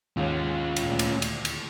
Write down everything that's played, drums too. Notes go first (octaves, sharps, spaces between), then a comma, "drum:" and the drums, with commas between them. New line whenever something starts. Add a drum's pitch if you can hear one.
D#2 G#2 C#4 F4
D2 A#2, drum: cymbal
drum: cymbal
drum: cymbal
drum: cymbal